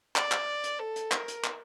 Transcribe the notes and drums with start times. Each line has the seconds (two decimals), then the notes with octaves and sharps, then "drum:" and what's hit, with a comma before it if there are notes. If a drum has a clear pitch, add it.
0.16 D5, drum: clap
0.32 drum: clap
0.64 drum: hi-hat
0.79 A4
0.96 drum: hi-hat
1.12 A#4, drum: clap
1.28 drum: hi-hat
1.44 drum: clap